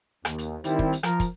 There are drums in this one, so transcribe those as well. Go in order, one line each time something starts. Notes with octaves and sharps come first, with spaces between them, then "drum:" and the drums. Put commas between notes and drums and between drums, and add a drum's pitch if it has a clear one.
D#2, drum: rim click
drum: hi-hat
D#3 G3 C4 E4, drum: hi-hat
drum: kick
drum: hi-hat
F3 A#4, drum: rim click
drum: kick, hi-hat